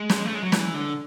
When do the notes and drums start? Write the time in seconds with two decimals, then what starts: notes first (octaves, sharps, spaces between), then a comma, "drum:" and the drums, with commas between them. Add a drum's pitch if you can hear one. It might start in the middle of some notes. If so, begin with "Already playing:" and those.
Already playing: G#3
0.09 drum: snare
0.25 A3
0.35 G#3
0.43 F#3
0.52 E3, drum: snare
0.74 D3